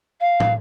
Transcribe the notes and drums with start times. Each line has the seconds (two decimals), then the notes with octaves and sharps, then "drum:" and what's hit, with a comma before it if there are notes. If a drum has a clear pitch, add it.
0.21 F5
0.40 drum: tom